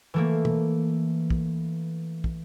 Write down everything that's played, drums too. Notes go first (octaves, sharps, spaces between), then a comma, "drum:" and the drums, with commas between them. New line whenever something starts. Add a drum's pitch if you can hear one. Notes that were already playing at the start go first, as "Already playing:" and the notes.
E3 A3 A#3
drum: tom B2
drum: kick
drum: kick